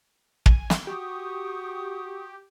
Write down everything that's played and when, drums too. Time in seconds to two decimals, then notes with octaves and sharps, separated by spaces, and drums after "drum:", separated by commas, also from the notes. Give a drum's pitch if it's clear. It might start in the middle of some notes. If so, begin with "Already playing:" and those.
0.46 G#5, drum: kick
0.70 drum: snare
0.87 F#4 G4 C#6 D#6